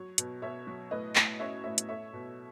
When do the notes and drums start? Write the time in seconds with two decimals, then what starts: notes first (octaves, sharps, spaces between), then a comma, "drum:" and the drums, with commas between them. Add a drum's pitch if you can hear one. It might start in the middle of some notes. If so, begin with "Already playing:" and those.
Already playing: F#3 C#5
0.18 B2, drum: hi-hat
0.42 B2 C#5 E5
0.67 F#3
0.91 A2 B4 D#5
1.16 A2, drum: clap
1.39 C#4 C#5 E5
1.64 A2 C#5 E5
1.78 drum: hi-hat
1.88 A3 C#5 E5
2.13 B2